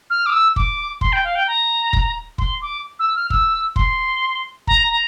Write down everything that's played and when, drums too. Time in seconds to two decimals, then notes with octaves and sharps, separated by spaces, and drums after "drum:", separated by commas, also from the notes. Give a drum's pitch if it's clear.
0.10 F6
0.26 D6
0.32 E6
0.56 D6, drum: kick
1.01 C6, drum: kick
1.13 G5
1.24 F5
1.35 G5
1.48 A#5
1.93 drum: kick
2.38 C6, drum: kick
2.62 D6
2.99 E6
3.16 F6
3.30 E6, drum: kick
3.76 C6, drum: kick
4.67 A#5, drum: kick
4.90 A#5